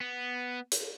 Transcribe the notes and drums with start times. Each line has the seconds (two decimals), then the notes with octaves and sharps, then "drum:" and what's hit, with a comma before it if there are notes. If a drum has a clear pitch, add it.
0.01 B3
0.72 drum: hi-hat